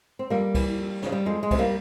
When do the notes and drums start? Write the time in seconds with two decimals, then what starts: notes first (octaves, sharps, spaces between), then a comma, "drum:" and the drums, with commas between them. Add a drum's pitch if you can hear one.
0.19 C4
0.30 F2 G3 A#3
0.55 E3, drum: kick, cymbal
0.78 F2
1.02 C#3 F3, drum: snare
1.12 G3
1.26 F2 G#3
1.43 G#3
1.51 C3 E3, drum: kick, cymbal
1.58 G3 A#3